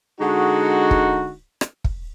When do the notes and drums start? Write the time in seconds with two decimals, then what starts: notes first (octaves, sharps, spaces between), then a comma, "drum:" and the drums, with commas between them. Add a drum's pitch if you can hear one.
0.21 D3 G#3 D#4 F#4
0.91 drum: kick
1.61 drum: rim click
1.84 drum: kick